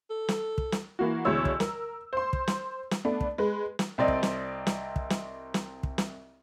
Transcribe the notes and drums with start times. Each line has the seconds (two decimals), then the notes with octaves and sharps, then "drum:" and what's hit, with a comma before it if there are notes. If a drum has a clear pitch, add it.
0.10 A4
0.28 drum: snare
0.58 drum: kick
0.72 drum: snare
0.99 E3 A#3 F#4
1.25 D2 B2 E3 G#3 C#5 E6
1.45 drum: kick
1.60 A#4, drum: snare
2.13 C5 C6
2.33 drum: kick
2.48 drum: snare
2.91 drum: snare
3.05 A3 B3 D4
3.21 drum: kick
3.38 G#3 B4
3.79 drum: snare
3.98 C2 C4 D5 D#5
4.08 drum: kick
4.23 drum: snare
4.67 drum: snare
4.96 drum: kick
5.10 drum: snare
5.54 drum: snare
5.83 drum: kick
5.98 drum: snare